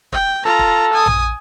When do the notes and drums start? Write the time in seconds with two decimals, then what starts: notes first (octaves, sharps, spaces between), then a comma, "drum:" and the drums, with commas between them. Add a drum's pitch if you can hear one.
0.12 G5, drum: kick
0.45 F4 A4 A#5
0.59 drum: kick
0.93 G#5 D#6
1.06 drum: tom A#1